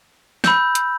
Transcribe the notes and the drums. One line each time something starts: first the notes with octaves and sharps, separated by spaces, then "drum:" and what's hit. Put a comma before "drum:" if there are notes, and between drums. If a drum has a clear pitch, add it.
B5 E6 G6, drum: snare
drum: hi-hat